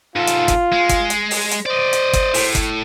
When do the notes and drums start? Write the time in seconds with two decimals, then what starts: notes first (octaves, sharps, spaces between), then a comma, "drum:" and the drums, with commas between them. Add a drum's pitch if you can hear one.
0.16 G#2 F4 A4
0.27 drum: hi-hat
0.48 drum: kick G1, hi-hat
0.72 G#3
0.89 drum: kick G1, hi-hat
1.10 drum: hi-hat
1.31 drum: open hi-hat
1.51 drum: hi-hat
1.66 C5 D5 D#5
1.93 drum: hi-hat
2.13 drum: kick G1, hi-hat
2.34 A2, drum: open hi-hat
2.55 drum: kick G1, hi-hat